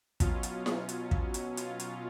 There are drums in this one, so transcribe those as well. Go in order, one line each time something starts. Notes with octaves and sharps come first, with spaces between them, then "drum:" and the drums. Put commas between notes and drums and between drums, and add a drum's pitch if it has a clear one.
B2 F#3 C#4 F4, drum: kick, hi-hat
drum: hi-hat
drum: snare E4
drum: hi-hat
drum: kick
drum: hi-hat
F4, drum: hi-hat
drum: hi-hat